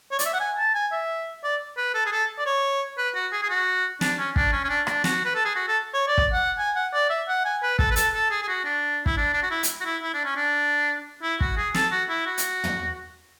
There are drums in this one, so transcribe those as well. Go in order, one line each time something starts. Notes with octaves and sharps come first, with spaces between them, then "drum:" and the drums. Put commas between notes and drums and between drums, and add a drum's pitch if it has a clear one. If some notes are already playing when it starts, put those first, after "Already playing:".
C#5
D5, drum: hi-hat
E5
F#5
G#5
A5
G#5
E5
D5
B4
A4
G#4
A4
D5
C#5
B4
F#4
G#4
G#4
F#4
D4, drum: snare
C#4
D4, drum: kick
C#4
C#4
D4
D4, drum: rim click
F#4, drum: snare
B4
A4
G#4
F#4
A4
C#5
D5
drum: kick
F#5
G#5
F#5
D5
E5
F#5
G#5
B4
A4, drum: kick
B4
A4, drum: hi-hat
A4
G#4
G#4
F#4
D4
E4, drum: kick
D4
D4
F#4
E4
drum: hi-hat
F#4
E4
E4
D4
C#4
D4
E4
F#4, drum: kick
G#4
A4, drum: snare
F#4
E4
F#4
drum: hi-hat
drum: tom